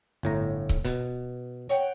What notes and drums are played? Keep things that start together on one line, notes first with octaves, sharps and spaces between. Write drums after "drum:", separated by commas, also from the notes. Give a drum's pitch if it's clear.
G1 A2 A#5
drum: kick C#1
B2, drum: hi-hat
C#5 F#5 G5